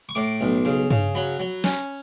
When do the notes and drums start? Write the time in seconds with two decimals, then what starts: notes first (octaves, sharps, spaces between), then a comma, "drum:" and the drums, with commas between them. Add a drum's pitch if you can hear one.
0.09 C#6
0.15 A2 D6
0.41 B1
0.65 C#3
0.91 C#3, drum: tom G2
1.15 F#3 B5
1.40 F#3
1.64 C#4, drum: snare